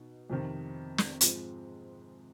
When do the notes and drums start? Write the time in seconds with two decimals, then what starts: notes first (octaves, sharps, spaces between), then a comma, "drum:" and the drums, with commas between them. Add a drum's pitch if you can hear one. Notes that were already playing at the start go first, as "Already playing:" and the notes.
Already playing: B2 D#4
0.30 F2 C3 D#3
0.98 drum: snare
1.21 G#2 F3 G#3 C4, drum: hi-hat